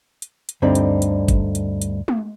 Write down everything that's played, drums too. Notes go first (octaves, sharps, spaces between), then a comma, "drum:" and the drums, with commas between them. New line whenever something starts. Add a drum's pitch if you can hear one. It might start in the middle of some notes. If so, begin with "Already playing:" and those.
drum: hi-hat
drum: hi-hat
D2 G2 D3 C4 D#4 B5
drum: hi-hat
drum: hi-hat
drum: kick G1, hi-hat
drum: hi-hat
drum: hi-hat
drum: tom G#3